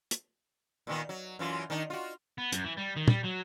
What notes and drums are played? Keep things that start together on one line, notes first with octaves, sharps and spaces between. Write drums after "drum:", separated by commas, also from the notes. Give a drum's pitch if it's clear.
drum: hi-hat
A#2 D#3 B3
F#3
F#2 E3 F4
D#3 D4 D#4
F4 F#4
B3
F#2, drum: hi-hat
E3
G3
D#3
G3, drum: tom
F#3